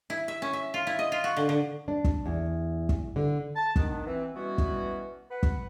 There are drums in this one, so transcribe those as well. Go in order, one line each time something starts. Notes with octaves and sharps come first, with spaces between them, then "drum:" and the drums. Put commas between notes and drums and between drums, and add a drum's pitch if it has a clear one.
E4
E5
C#4
E5
F4
E4
D#5
F4
F#4
D3
D3
D4
drum: kick
E2
drum: kick
D3
A5
D#3 B3 D4, drum: kick
E3 C4
B2 E3 G3 B3 C#4 F#4
drum: kick
B4 F#5
drum: kick